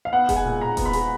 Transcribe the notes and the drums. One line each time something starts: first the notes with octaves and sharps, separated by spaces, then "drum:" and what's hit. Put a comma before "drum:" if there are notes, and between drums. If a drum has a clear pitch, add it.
F5
B3 F#5
G#3, drum: kick D#1, hi-hat
G#5
A#2
A#2 A#5
B3, drum: kick D#1, hi-hat
B5
G#3, drum: hi-hat